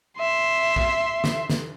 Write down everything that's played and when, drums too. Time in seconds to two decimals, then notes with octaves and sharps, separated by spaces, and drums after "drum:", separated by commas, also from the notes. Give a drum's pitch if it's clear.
0.19 E5 C6
0.76 drum: kick A#1
1.24 drum: snare
1.50 drum: snare